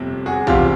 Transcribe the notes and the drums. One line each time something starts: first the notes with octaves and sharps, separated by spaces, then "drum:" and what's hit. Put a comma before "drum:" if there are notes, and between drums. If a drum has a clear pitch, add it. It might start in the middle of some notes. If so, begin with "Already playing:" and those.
Already playing: G1 F2 C3
F#4 G#4
E2 C3 F3 F4 G4, drum: kick